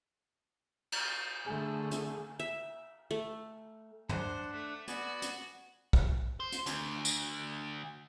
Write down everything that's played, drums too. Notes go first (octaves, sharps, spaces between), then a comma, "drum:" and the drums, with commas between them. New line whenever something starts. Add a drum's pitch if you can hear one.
drum: cymbal
D3 A3 G#4
drum: hi-hat
E5
A3
D4 C5 F#5, drum: tom
A3
B3 F#4 D5 G#5, drum: hi-hat
drum: hi-hat
drum: kick
C5
drum: hi-hat
D2, drum: hi-hat
drum: tambourine